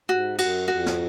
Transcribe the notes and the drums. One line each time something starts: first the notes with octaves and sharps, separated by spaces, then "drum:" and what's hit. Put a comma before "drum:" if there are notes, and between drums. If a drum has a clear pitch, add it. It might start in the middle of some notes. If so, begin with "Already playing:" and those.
G#2 F#4
F#2 F#4, drum: cymbal
F2 F#4
drum: snare